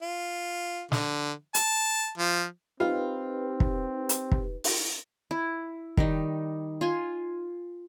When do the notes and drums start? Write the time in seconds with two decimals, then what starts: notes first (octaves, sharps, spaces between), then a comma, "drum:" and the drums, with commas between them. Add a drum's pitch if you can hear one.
0.02 F4
0.92 D3, drum: snare
1.55 A5, drum: hi-hat
2.18 F3
2.80 C4 D#4 F4 G4 B4
3.60 drum: kick
4.09 drum: hi-hat
4.32 drum: kick
4.64 drum: open hi-hat
5.31 E4
5.97 D#3 G3 D#4, drum: kick
6.81 F4 G#5 C6